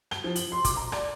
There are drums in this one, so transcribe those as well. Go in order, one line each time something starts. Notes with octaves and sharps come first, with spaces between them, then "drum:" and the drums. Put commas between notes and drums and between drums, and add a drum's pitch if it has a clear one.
G7, drum: rim click
F3
F#7, drum: hi-hat
C6
D6, drum: kick, hi-hat
A#5
D5, drum: rim click